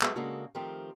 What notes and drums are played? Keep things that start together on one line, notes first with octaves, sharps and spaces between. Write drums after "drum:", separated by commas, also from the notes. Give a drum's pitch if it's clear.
F#3 G#3 B3 G#4 A4 E5, drum: clap
C#3 G#3 A#3 D4 F#4 A4
D#3 F3 A3 C4 G4 A#4